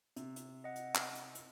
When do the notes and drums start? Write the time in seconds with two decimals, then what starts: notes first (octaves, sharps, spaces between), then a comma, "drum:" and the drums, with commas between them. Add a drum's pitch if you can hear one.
0.16 C3, drum: hi-hat
0.36 drum: hi-hat
0.64 D#5 F#5
0.76 drum: hi-hat
0.95 drum: clap
1.15 drum: hi-hat
1.35 drum: hi-hat